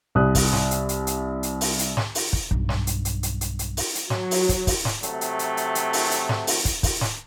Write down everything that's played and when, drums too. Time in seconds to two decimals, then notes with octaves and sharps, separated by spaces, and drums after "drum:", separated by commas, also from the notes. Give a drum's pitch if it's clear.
0.15 C2 D#6 F#6
0.35 drum: kick, open hi-hat
0.53 drum: snare
0.71 drum: hi-hat
0.89 drum: hi-hat
1.07 drum: hi-hat
1.43 drum: hi-hat
1.61 drum: open hi-hat
1.79 drum: hi-hat
1.97 drum: snare
2.15 drum: open hi-hat
2.33 drum: kick
2.51 B1 G2, drum: kick
2.69 drum: snare
2.87 drum: hi-hat
3.05 drum: hi-hat
3.23 drum: hi-hat
3.41 drum: hi-hat
3.59 drum: hi-hat
3.77 drum: open hi-hat
3.95 drum: hi-hat
4.10 F#3, drum: snare
4.31 drum: open hi-hat
4.49 drum: kick, hi-hat
4.67 drum: kick, open hi-hat
4.85 drum: snare
5.03 C3 F#3 A3, drum: hi-hat
5.21 drum: hi-hat
5.39 drum: hi-hat
5.57 drum: hi-hat
5.75 drum: hi-hat
5.93 drum: open hi-hat
6.11 drum: hi-hat
6.29 drum: snare
6.47 drum: open hi-hat
6.65 drum: kick, hi-hat
6.83 drum: kick, open hi-hat
7.01 drum: snare